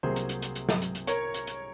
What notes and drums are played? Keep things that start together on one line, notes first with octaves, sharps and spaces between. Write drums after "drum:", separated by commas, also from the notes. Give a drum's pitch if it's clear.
C2 C3 F#3 A#3 G#4 C5
drum: hi-hat
drum: hi-hat
drum: hi-hat
drum: hi-hat
drum: snare
drum: hi-hat
drum: hi-hat
A#4 C#5, drum: hi-hat
drum: hi-hat
drum: hi-hat